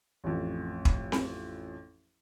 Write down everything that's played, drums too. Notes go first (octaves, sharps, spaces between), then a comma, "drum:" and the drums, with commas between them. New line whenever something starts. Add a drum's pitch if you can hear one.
A1 F2
drum: kick
drum: snare C4